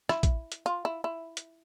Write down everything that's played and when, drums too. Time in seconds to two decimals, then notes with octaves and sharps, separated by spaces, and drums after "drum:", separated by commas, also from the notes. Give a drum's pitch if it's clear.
0.09 E4, drum: rim click
0.23 drum: kick A#1, hi-hat
0.52 drum: hi-hat
0.66 F4
0.85 E4
1.04 E4
1.37 drum: hi-hat